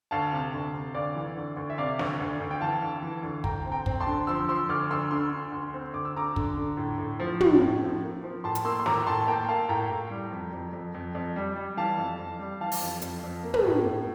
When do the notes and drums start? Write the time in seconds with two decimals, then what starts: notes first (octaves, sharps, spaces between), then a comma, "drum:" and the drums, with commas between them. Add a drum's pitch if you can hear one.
0.11 D2 F5 A5
0.32 C3
0.54 D2
0.73 C3
0.94 D2 D5 F5
1.15 E3
1.37 D2
1.57 D2
1.70 E5
1.78 C3 D5 F5
1.99 D2, drum: snare
2.20 D2
2.40 D2
2.51 G5
2.61 E3 F5 A5
2.82 D2
3.02 E3
3.23 D2
3.44 D2 G5 A#5, drum: kick
3.66 C4
3.72 G5 A#5
3.86 C4, drum: kick
4.00 A5 C6
4.07 D3
4.27 F3 C6 E6
4.48 F3 C6 E6
4.69 D2 D6 F6
4.91 D2 C6 E6
5.11 D3 C6 E6
5.32 D3
5.52 D2
5.74 C4
5.94 D2 D6
6.05 E6
6.16 D3 A#5 D6
6.36 D3, drum: kick
6.57 D3
6.77 A2
6.98 A2
7.20 F3
7.40 A2, drum: tom
7.61 A2
7.82 F3
8.02 A#3
8.24 F3
8.44 A2 A5 C6
8.55 drum: hi-hat
8.64 A#3 C6 E6
8.80 C6
8.86 A2 A#5 D6, drum: snare
9.07 A2 A5 C6
9.22 A5
9.27 A#3 G5 A#5
9.48 A#3 F5 A5
9.69 A2 G5 A#5
9.89 A2 G5 A#5
10.10 G3
10.31 F2
10.53 F2
10.73 F2
10.95 F2
11.15 F2
11.36 G3
11.56 G3
11.77 E3 F5 A5
11.98 F2
12.19 F2
12.39 G3
12.61 E3 F5 A5
12.72 drum: open hi-hat
12.81 F2
13.02 F2, drum: hi-hat
13.24 F2
13.43 A#3
13.54 drum: tom
13.65 A2
13.85 A2